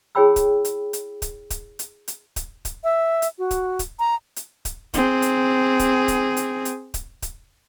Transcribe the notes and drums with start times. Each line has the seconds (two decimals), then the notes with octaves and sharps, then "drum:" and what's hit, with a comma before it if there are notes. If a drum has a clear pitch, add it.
0.15 E4 G#4 C#5 G5 B5 E6
0.36 drum: kick D1, hi-hat
0.65 drum: hi-hat
0.93 drum: hi-hat
1.22 drum: kick D1, hi-hat
1.50 drum: kick D1, hi-hat
1.79 drum: hi-hat
2.08 drum: hi-hat
2.36 drum: kick D1, hi-hat
2.65 drum: kick D1, hi-hat
2.84 E5
3.22 drum: hi-hat
3.38 F#4
3.51 drum: kick D1, hi-hat
3.79 drum: kick D1, hi-hat
3.99 A#5
4.36 drum: hi-hat
4.65 drum: kick D1, hi-hat
4.94 C4 G#4, drum: kick D1, hi-hat
5.22 drum: hi-hat
5.79 drum: kick D1, hi-hat
6.08 drum: kick D1, hi-hat
6.37 drum: hi-hat
6.65 drum: hi-hat
6.94 drum: kick D1, hi-hat
7.22 drum: kick D1, hi-hat